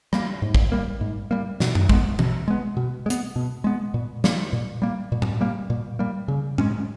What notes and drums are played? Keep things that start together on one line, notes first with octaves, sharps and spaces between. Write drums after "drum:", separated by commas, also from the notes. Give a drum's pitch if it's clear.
G3 A#3, drum: rim click
G#2
drum: kick
G3 A#3
G#2
G3 A#3
B2, drum: snare
drum: tom F#2
G#3 B3, drum: kick
B2, drum: tom E3
G#3 B3
B2
G#3
B3, drum: hi-hat
B2
G#3 B3
A#2
G3 A#3, drum: snare
A#2
G3 A#3
A#2
drum: tom A2
G3 A#3
A#2
G3 A#3
C#3
G#3 C#4, drum: tom A2